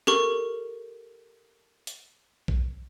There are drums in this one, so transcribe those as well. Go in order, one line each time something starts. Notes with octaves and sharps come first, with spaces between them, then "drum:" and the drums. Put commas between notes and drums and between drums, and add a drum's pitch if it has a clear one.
G4 A4 A#4 C#6, drum: snare
drum: hi-hat
drum: kick B1